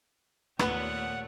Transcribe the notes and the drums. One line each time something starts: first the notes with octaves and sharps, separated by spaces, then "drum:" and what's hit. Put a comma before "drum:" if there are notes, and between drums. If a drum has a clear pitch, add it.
D#2 A#2 A3 B3 C#5 F#5, drum: rim click